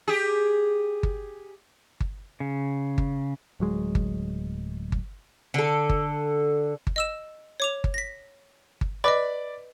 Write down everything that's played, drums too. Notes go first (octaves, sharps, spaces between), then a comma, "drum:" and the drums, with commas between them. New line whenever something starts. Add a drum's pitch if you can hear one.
G4 G#4
drum: kick G1
drum: kick G1
C#3
drum: kick G1
D1 F#3 G#3
drum: kick G1
drum: kick G1
D3 A4
drum: kick G1
drum: kick G1
D#5 E6 E7
C#5 D6 F7
drum: kick G1
A#6 B6
drum: kick G1
B4 D5 D#5 B5 D6